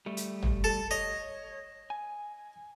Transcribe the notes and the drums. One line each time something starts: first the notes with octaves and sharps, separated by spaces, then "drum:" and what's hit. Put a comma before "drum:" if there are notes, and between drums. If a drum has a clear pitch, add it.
G3 A3
drum: hi-hat
drum: tom
A4
C#5 D#5
G#5